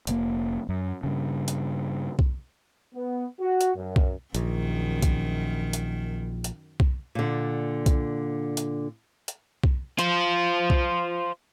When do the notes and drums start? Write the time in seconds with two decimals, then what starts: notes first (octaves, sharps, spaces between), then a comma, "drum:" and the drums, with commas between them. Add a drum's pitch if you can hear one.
0.07 F1 A2 A#3, drum: hi-hat
0.69 F#2
1.04 G2 C#3
1.48 drum: hi-hat
2.19 drum: kick B1
2.95 B3
3.40 F#4
3.61 drum: hi-hat
3.75 F#2
3.96 drum: kick B1
4.35 A#1 F#2 D#3, drum: hi-hat
5.02 drum: kick B1, hi-hat
5.73 drum: hi-hat
6.44 drum: hi-hat
6.80 drum: kick B1
7.15 A#2 D3
7.86 drum: kick B1, hi-hat
8.57 drum: hi-hat
9.28 drum: hi-hat
9.64 drum: kick B1
9.99 F4 C5, drum: hi-hat
10.70 drum: kick B1